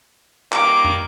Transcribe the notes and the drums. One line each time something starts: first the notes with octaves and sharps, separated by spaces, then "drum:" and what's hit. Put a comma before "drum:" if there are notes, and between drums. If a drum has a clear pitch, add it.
D#3 G3 A#3 D6, drum: clap
drum: tom